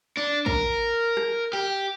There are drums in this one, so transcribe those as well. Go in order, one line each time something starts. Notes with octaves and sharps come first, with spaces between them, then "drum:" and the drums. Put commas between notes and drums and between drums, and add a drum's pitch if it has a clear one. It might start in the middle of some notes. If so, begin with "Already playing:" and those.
D4
A#4, drum: kick
drum: rim click
G4